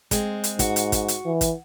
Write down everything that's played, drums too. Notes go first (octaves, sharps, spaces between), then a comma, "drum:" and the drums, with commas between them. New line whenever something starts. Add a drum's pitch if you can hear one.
G#3 C4, drum: kick, hi-hat
drum: hi-hat
G#2 F#4, drum: kick, hi-hat
drum: hi-hat
drum: kick, hi-hat
drum: hi-hat
E3
drum: kick, hi-hat